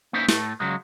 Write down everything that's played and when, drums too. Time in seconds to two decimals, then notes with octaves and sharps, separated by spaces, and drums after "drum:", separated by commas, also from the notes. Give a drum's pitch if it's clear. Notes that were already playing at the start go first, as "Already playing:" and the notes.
0.13 A#3 B3 C#4 D#4 E4 C5
0.28 A2 A3, drum: snare
0.60 C#3 F#3 G#3